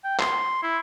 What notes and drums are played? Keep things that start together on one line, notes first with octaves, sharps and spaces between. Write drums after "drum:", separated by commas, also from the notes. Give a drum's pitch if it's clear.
G5
C6, drum: clap
E4